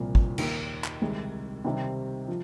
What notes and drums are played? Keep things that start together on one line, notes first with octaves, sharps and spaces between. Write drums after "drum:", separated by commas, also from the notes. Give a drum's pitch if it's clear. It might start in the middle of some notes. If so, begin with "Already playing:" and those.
Already playing: C2 A#2 F3
drum: kick
D#2 D#3 A#3, drum: cymbal
drum: clap
C2 C3 D#3 G#3
C3 D#3 G3 C4
F3